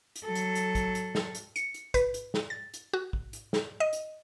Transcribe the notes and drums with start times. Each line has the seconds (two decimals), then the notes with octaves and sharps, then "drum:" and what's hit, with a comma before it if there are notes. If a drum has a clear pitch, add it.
0.16 drum: hi-hat
0.25 F#3 A4
0.35 drum: hi-hat
0.55 drum: hi-hat
0.75 drum: kick, hi-hat
0.95 drum: hi-hat
1.15 drum: snare
1.35 drum: hi-hat
1.56 C#7, drum: hi-hat
1.74 drum: hi-hat
1.94 B4, drum: kick, hi-hat
2.14 drum: hi-hat
2.34 drum: snare
2.50 A6
2.74 drum: hi-hat
2.93 F#4
3.13 drum: kick
3.33 drum: hi-hat
3.53 drum: snare
3.80 D#5
3.93 drum: hi-hat